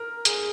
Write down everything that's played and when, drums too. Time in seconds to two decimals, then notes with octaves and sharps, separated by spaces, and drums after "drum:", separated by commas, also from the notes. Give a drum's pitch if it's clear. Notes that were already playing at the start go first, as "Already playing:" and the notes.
Already playing: A#4
0.25 G#4, drum: hi-hat